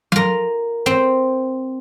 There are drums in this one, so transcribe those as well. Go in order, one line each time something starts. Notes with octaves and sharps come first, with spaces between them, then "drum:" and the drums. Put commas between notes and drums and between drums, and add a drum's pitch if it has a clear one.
F4 A#4, drum: tom F#3
C4